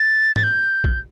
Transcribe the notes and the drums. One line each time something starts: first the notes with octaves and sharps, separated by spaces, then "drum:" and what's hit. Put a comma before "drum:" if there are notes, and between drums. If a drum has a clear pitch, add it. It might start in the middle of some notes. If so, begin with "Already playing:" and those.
Already playing: A6
A6, drum: tom
G6
drum: kick B1